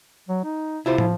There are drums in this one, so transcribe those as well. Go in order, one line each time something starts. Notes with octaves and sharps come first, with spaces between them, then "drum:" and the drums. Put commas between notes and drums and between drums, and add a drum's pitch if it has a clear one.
F#3
D#4
C3 E4 F4 C5
F3, drum: tom